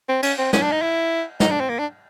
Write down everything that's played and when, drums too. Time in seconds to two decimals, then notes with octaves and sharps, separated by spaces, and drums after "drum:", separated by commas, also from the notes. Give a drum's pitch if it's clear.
0.09 C4
0.23 C#4, drum: cymbal
0.38 C4
0.53 C#4, drum: snare
0.62 D4
0.72 D#4
0.82 E4
1.40 D#4, drum: snare
1.50 D4
1.60 C4
1.69 A#3
1.79 D4